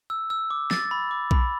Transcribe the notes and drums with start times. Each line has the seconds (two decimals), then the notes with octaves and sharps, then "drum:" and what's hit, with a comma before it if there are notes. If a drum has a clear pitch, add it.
0.10 E6
0.30 E6
0.51 D6
0.71 A6, drum: snare
0.91 B5
1.11 D6
1.31 B5, drum: kick A#1